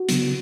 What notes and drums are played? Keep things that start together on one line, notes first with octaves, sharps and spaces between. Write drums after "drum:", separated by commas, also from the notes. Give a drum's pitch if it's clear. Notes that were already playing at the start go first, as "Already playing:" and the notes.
Already playing: F#4
C#3 F#3 B3, drum: hi-hat